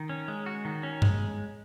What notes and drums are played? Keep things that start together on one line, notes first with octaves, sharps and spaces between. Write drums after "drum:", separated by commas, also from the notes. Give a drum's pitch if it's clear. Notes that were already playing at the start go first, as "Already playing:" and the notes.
Already playing: D#3
C#4
G#3
F#4
D#3
C#4
G#3, drum: tom G2